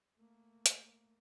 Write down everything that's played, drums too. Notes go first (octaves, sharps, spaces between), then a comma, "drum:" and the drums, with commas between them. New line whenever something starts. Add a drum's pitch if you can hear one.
A3 A#3
drum: hi-hat